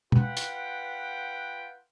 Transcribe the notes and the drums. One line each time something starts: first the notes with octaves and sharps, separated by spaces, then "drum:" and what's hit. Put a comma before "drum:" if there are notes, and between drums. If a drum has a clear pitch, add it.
F4 B4 F#5 G5, drum: tom
drum: hi-hat